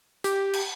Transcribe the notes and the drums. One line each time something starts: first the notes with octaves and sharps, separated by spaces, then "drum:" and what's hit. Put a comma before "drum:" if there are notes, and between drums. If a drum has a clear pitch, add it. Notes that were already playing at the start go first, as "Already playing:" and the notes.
G4, drum: hi-hat
drum: cymbal